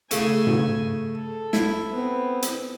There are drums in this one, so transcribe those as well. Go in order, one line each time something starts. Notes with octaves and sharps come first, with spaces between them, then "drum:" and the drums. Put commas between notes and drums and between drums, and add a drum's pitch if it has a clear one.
C#3 A3 G#5, drum: hi-hat
drum: tom G#2
A4
E4, drum: snare
B3 C4
drum: hi-hat